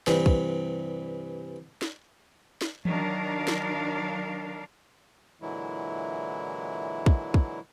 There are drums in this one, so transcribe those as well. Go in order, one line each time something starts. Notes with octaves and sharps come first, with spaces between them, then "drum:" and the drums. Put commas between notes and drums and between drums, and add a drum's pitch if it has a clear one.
G2 C3 E3, drum: snare
drum: kick
drum: snare
drum: snare
D#3 F#3 D4 A#4 F5, drum: tom E3
drum: snare
A#2 D3 E3 F#3 G#3 E4
drum: kick
drum: kick